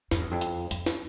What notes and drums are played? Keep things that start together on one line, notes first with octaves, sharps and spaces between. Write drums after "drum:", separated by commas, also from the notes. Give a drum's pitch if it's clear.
F2, drum: snare
E2
F2
drum: hi-hat
F2, drum: hi-hat
drum: snare